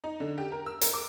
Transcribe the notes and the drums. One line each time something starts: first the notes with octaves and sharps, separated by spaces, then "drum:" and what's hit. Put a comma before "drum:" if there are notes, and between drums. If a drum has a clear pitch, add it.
D#4
D3
G4
A#4
E6
A#4, drum: hi-hat
D6